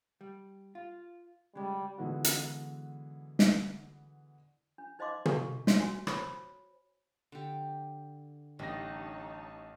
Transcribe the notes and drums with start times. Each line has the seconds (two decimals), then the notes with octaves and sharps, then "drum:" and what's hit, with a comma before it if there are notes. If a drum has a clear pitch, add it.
0.21 G3
0.75 F4
1.55 C#3 G3 G#3
1.98 D3 E3 G#3 B3 F#4
2.24 drum: hi-hat
3.39 drum: snare
4.78 D4
4.99 D#4 C5 D#5 F5 C6 D6
5.26 F#4 A4 F5 G#5 C#6, drum: tom
5.67 C#5 C6, drum: snare
5.80 F#4 G#5
6.07 C5 C#5 B5, drum: rim click
7.32 D3 G4
8.59 A1 G3 D4 D#4 C#5 A5 A#6